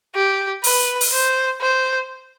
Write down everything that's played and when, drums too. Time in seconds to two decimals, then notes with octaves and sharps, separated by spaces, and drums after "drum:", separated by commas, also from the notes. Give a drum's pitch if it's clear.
0.15 G4
0.64 B4, drum: open hi-hat
1.01 drum: open hi-hat
1.12 C5
1.61 C5